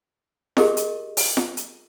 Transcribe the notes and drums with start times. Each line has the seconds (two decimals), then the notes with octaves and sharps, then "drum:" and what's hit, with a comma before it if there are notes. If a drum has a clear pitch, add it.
0.57 G4 G#4 A#4 D#5 C#6, drum: snare
0.77 drum: hi-hat
1.17 drum: open hi-hat
1.37 drum: snare
1.57 drum: hi-hat